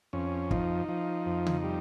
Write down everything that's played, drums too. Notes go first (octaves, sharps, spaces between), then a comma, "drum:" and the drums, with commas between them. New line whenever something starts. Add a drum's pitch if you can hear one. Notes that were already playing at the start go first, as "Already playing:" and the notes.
F2 C#4
F3 D#4, drum: kick
F3
F2
drum: tom C#3
G3